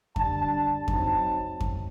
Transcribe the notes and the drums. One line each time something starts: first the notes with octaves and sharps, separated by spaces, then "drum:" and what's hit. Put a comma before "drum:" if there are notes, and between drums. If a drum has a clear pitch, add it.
D3 G3 D4 A5, drum: kick F2
F#3 C4 D#4 A5, drum: kick F2
drum: kick F2